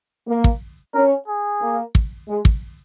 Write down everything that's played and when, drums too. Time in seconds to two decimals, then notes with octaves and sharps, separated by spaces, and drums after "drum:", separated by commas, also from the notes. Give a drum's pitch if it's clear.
0.28 A#3
0.44 drum: kick
0.94 C#4 A#4
1.27 G#4
1.61 A#3
1.95 drum: kick
2.28 G#3
2.45 drum: kick